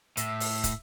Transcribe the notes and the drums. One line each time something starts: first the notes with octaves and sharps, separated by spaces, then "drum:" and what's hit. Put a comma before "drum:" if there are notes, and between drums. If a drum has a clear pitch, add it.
A2 E5, drum: hi-hat
drum: open hi-hat
drum: kick, hi-hat